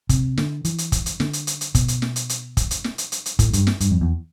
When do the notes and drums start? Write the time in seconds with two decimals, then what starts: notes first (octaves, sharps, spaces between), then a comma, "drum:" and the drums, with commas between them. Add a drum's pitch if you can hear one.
0.09 C3, drum: kick, hi-hat
0.37 D3, drum: snare
0.65 E3, drum: hi-hat
0.78 drum: hi-hat
0.92 drum: kick, hi-hat
1.06 drum: hi-hat
1.20 D3, drum: snare
1.33 drum: hi-hat
1.47 drum: hi-hat
1.61 drum: hi-hat
1.75 B2, drum: kick, hi-hat
1.88 drum: hi-hat
2.02 drum: snare
2.16 drum: hi-hat
2.29 drum: hi-hat
2.57 drum: kick, hi-hat
2.71 drum: hi-hat
2.84 drum: snare
2.98 drum: hi-hat
3.12 drum: hi-hat
3.26 drum: hi-hat
3.39 A2, drum: kick, hi-hat
3.53 G2, drum: hi-hat
3.67 drum: snare
3.80 G2, drum: hi-hat
3.91 F2
4.01 E2